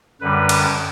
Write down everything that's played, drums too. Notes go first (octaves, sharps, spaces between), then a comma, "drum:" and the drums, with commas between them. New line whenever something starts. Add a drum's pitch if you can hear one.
F#2 D3 G3 B4
drum: cymbal